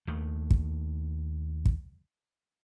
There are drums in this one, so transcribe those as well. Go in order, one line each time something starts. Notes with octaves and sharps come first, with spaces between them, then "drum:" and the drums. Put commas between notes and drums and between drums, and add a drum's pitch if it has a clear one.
D#2 A3
drum: kick
drum: kick